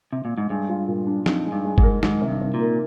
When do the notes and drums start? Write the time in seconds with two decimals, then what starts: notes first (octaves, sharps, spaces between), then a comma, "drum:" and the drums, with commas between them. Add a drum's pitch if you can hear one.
0.13 C3
0.25 A#2
0.38 G#2
0.50 G2 G#3
0.69 F4
0.88 A#2
1.07 D4
1.26 F2 D#4, drum: snare
1.46 G#3
1.52 G2
1.65 G#3
1.78 G#2, drum: kick
1.83 A#4
2.03 G#2 D#3, drum: snare
2.22 C3
2.28 G2
2.41 C3
2.54 A#2
2.60 A#3